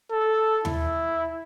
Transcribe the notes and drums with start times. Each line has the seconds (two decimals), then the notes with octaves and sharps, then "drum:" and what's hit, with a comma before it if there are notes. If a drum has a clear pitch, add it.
0.12 A4
0.65 E4, drum: tom D#2